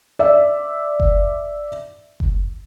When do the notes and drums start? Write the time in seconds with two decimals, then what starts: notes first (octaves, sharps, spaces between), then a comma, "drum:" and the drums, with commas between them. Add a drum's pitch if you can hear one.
0.19 D5 E5
1.00 drum: kick F#1
2.20 drum: kick F#1